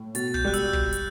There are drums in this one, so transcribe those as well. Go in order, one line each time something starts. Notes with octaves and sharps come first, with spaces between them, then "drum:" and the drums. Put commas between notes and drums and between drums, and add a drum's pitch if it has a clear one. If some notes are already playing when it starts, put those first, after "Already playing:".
Already playing: A2
B2 A6, drum: hi-hat
A6
G6, drum: kick
G3 F#6
E6, drum: hi-hat
drum: kick
drum: hi-hat